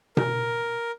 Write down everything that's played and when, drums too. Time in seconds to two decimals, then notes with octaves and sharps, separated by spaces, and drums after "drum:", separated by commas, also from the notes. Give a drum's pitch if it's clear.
0.17 A#4, drum: tom B2